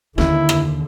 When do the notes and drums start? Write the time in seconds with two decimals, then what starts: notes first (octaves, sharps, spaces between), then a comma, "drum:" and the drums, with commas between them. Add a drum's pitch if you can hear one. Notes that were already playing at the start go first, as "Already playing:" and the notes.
0.18 D#2 D3 E4, drum: snare
0.49 drum: rim click